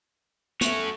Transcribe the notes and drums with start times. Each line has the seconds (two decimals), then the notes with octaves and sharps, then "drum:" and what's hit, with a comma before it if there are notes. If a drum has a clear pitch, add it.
0.61 A3 C#4 F#4, drum: hi-hat